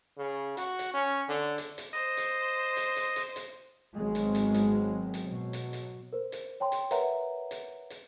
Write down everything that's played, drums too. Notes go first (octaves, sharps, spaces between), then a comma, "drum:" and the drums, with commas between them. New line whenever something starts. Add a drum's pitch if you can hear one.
C#3
F#4, drum: hi-hat
drum: hi-hat
C#4
D3
drum: hi-hat
drum: hi-hat
C5 D#5
drum: hi-hat
drum: hi-hat
drum: hi-hat
drum: hi-hat
drum: hi-hat
G#1 D#3 F#3 G#3 B3 C4
drum: hi-hat
drum: hi-hat
drum: hi-hat
drum: hi-hat
B2 F#3
drum: hi-hat
drum: hi-hat
A#4 C5
drum: hi-hat
C#5 G5 A5 C6
drum: hi-hat
A#4 B4 C#5 E5 F#5 A#5, drum: hi-hat
drum: hi-hat
drum: hi-hat